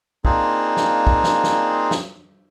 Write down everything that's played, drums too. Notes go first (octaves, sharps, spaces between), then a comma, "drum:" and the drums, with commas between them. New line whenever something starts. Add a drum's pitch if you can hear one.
A#3 C4 D4 D#4 F4 G#4, drum: kick
drum: snare
drum: kick
drum: snare
drum: snare
drum: snare